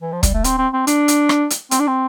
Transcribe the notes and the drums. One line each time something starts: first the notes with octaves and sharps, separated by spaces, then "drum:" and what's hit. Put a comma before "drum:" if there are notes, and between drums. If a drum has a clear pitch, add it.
E3
F3
G3, drum: kick, hi-hat
A3
C4, drum: hi-hat
C4
C4
D4, drum: hi-hat
drum: hi-hat
drum: rim click
drum: hi-hat
C4, drum: hi-hat
D4
C4